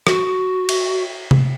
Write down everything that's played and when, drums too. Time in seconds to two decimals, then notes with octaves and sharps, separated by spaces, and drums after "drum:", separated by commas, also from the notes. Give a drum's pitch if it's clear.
0.07 F#4, drum: rim click
0.69 drum: cymbal
1.31 drum: tom C3